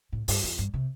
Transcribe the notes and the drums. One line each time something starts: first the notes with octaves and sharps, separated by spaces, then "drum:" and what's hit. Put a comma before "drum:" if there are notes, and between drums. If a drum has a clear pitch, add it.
A2
G2, drum: open hi-hat
F2
G2
C3